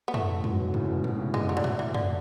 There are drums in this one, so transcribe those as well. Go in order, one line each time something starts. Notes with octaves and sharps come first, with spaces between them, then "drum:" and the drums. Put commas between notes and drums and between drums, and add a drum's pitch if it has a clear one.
B3
A2 A3, drum: tom
A2
G#2 B2, drum: tom
F#3
E3
D3
A2 C#3, drum: tom
G#2 B2
G#2 B2, drum: tom
A2 C#3
G#3, drum: tom
F#3
D3
E3, drum: tom
E3
D3, drum: tom